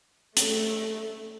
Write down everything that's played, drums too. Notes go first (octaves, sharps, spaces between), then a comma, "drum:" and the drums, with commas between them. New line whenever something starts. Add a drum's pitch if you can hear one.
A3, drum: hi-hat